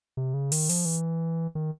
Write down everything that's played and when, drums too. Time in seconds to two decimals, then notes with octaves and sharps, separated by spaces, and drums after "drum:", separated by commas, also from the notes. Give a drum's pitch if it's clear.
0.17 C3
0.34 C#3
0.52 D#3, drum: open hi-hat
0.69 F3, drum: open hi-hat
0.85 E3
1.55 D#3